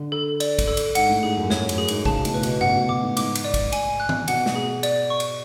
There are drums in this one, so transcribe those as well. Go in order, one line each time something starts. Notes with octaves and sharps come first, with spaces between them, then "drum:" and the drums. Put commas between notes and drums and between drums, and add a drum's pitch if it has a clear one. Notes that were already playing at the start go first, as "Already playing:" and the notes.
Already playing: D3
A4
D5, drum: cymbal
drum: kick, cymbal
A4
drum: cymbal
G#2 F#5, drum: cymbal
A2
G#2 G#4
F#2
F#2 C#5, drum: snare
F#2, drum: cymbal
G#4
G#2, drum: cymbal
C#3 A5, drum: kick
B2
A2, drum: cymbal
B4
B2, drum: cymbal
B2 F#5, drum: tom G2
B2
B2 D6
A2
G#2 D6, drum: cymbal
drum: cymbal
D5
drum: kick, cymbal
G#5, drum: cymbal
F#6
drum: tom D#3
B2 F#5, drum: cymbal
drum: snare
G#4
D5, drum: cymbal
C#6
drum: cymbal